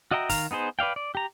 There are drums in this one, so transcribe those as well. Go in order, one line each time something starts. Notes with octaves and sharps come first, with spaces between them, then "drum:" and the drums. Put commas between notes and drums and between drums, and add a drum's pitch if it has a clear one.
F#4 D#5 E5 G5 A#5
D#3 F5 A#5, drum: kick, open hi-hat
B3 D#4 G#4 C5
B4 D5 F5 G5
D5
G4 A#5